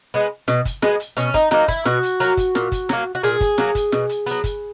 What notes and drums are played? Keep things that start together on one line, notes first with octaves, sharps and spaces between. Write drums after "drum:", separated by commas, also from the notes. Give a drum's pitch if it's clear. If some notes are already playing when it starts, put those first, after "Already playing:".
G#3 B3
B2, drum: snare
drum: kick, hi-hat
G#3 B3, drum: snare
drum: hi-hat
B2 C#4, drum: hi-hat
D#4, drum: kick, hi-hat
F#3 A#3 D#4, drum: snare
E4, drum: kick, hi-hat
B2 F#4, drum: snare
drum: hi-hat
F#3 A#3, drum: hi-hat
drum: kick, hi-hat
A#2, drum: snare
drum: kick, hi-hat
F#3 A#3, drum: snare
F#4
A#2 G#4, drum: hi-hat
drum: kick, hi-hat
F#3 A#3, drum: snare
drum: kick, hi-hat
B2, drum: snare
drum: hi-hat
F#3 B3, drum: hi-hat
drum: kick, hi-hat